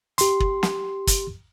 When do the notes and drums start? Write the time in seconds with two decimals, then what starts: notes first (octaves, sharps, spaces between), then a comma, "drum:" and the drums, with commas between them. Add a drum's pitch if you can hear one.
0.18 G4 C6, drum: hi-hat
0.40 drum: kick
0.63 drum: snare
1.07 drum: kick, hi-hat